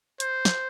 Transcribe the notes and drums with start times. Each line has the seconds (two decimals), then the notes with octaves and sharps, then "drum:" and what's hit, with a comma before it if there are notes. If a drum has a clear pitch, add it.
0.20 C5, drum: hi-hat
0.45 drum: snare